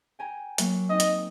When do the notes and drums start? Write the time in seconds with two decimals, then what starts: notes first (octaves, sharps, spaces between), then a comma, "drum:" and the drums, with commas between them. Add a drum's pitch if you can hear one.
0.19 G5 G#5 A#5
0.58 F#3 A#3, drum: hi-hat
0.90 C4 D#4 D#5
1.00 drum: hi-hat